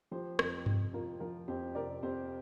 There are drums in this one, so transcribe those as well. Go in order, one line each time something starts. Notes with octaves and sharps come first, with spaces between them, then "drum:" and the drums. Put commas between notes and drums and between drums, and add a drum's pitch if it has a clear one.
F3 G4 C5
F2, drum: rim click
C3, drum: tom G2
F2 F4 A#4
F3 F4 A#4
F2 G4 C5
C3 A#4 D5
F2 G4 C5